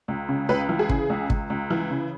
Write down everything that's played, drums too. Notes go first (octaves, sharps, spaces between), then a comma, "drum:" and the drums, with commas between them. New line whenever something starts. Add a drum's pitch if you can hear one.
C#2
C#3
C#2 B4
E3
G#4
C#3, drum: kick
C#2
C#2, drum: kick
C#2
E3
C#3